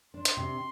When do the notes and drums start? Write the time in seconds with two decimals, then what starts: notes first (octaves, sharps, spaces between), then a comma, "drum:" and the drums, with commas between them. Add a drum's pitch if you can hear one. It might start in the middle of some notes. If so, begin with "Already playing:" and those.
0.14 D4 C6
0.25 drum: hi-hat
0.37 C3